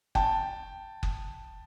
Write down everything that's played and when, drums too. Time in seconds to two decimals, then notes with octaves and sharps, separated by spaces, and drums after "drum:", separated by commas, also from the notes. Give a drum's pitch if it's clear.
0.15 G5 A5, drum: kick F#1
1.03 drum: kick F#1